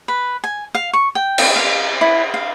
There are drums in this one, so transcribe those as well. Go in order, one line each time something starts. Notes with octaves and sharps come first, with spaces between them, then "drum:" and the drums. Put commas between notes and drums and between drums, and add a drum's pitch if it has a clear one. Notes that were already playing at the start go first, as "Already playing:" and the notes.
B4
G#5
F5
C#6
G5
drum: cymbal
F5
E4
F5